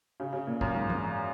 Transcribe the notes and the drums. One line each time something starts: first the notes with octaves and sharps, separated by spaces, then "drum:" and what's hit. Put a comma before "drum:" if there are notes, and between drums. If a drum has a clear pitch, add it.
C#3
C#3
A#2
F#2, drum: kick
G#2
drum: tom E3